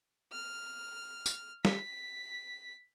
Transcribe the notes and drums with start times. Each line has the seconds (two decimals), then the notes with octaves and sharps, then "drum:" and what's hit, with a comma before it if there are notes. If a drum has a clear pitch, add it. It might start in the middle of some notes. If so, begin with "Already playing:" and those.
0.32 F6
1.26 drum: tambourine
1.65 B6, drum: snare